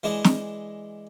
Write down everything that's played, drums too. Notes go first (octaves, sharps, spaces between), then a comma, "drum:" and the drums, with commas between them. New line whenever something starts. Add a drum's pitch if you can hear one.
E3 G#3 D4 E4 D#5
drum: snare